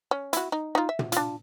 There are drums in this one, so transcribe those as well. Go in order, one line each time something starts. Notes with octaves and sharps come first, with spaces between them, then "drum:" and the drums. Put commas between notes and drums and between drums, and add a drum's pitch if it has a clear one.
C#4
E4 F#4, drum: hi-hat
D#4
D#4 F4
E5
drum: tom
D4 F4, drum: hi-hat